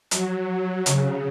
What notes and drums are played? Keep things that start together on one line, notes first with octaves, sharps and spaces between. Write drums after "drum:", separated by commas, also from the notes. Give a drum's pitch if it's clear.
F#3, drum: hi-hat
C#3, drum: hi-hat